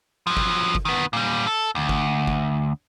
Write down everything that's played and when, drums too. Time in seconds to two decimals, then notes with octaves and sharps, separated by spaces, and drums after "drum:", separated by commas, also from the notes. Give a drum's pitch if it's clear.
0.27 F3 F#3
0.37 drum: kick G1
0.75 drum: kick G1
0.85 D#3 B3
1.13 A#2 G3
1.47 A4
1.75 D2
1.89 drum: kick G1
2.27 drum: kick G1